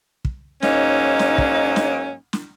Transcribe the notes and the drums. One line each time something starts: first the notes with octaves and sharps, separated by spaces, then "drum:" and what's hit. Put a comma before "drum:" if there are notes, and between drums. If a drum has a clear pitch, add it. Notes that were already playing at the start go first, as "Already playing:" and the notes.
drum: kick
G#2 F#3 A#3 C#4 D#4, drum: snare
drum: snare
drum: kick
drum: snare
drum: snare